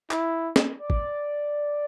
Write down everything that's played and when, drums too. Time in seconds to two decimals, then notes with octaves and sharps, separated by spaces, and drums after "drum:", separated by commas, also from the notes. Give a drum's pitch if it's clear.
0.11 E4, drum: clap
0.56 drum: snare
0.79 D5
0.90 drum: kick G#1